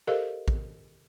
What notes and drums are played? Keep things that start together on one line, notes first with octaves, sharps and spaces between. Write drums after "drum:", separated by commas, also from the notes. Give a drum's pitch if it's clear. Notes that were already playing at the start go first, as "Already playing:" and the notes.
G4 A4 A#4 C5 D#5 F5
drum: kick A1